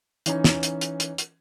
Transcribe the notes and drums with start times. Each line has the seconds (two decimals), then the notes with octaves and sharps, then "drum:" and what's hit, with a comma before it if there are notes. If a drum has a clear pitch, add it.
0.26 E3 C#4 D#4, drum: hi-hat
0.44 drum: snare
0.63 drum: hi-hat
0.81 drum: hi-hat
1.00 drum: hi-hat
1.18 drum: hi-hat